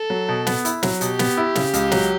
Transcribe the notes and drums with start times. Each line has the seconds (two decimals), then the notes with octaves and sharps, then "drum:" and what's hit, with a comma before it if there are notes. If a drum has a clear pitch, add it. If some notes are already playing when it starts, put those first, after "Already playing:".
Already playing: A4
0.10 F#3
0.29 B2
0.47 B3, drum: snare
0.65 E4, drum: hi-hat
0.83 F#3, drum: snare
1.01 B2 G4, drum: hi-hat
1.19 B3, drum: snare
1.38 E4
1.55 C#3, drum: snare
1.74 C#2, drum: hi-hat
1.91 F#3, drum: snare